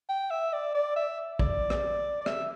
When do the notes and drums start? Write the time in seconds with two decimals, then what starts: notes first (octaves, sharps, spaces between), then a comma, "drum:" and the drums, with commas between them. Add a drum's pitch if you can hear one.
0.09 G5
0.31 E5
0.53 D5
0.75 D5
0.96 E5
1.39 D5, drum: kick A1
1.70 drum: rim click
2.21 D5
2.26 E5, drum: rim click